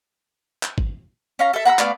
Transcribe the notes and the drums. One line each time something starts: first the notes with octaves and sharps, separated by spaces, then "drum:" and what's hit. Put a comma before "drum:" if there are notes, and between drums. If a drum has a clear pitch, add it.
drum: clap
drum: kick G#1
C#4 F5 A#5
A4 E5
F#5 A#5 B5 E6
A3 B3 D5 F5, drum: clap